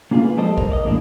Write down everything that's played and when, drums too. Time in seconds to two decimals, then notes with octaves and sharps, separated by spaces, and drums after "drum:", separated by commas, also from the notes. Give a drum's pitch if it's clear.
0.11 A#3 C#4 F4 G#4 C5 F5
0.23 B4
0.37 F3 G3 G#3 A4 C5 D#5
0.58 A#4, drum: kick
0.70 A#4 D5 D#5
0.84 E2 A2 G3 G#3 A#3 D4